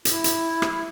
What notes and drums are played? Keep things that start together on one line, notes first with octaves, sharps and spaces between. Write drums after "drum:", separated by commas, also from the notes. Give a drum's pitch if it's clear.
E4, drum: hi-hat
drum: hi-hat
drum: rim click